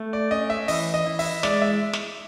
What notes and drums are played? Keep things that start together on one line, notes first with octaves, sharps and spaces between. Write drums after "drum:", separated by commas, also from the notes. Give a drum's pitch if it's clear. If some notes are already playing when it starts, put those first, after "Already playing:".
Already playing: A3
D5
C#4 D#5
E5
E3 D#5, drum: open hi-hat
D#5
E4
E5, drum: open hi-hat
G#3 D5, drum: snare
E5
drum: snare